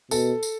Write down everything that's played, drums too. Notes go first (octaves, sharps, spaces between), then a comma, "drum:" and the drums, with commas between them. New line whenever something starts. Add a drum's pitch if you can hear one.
B2 A4, drum: tambourine
drum: tambourine